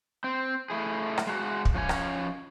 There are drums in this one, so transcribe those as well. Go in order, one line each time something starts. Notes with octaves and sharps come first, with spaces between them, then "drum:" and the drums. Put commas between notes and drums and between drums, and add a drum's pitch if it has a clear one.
C4
A3 E4 G#4
drum: rim click
G#3 F#4
drum: kick
F3 C#4 G5 G#5
drum: rim click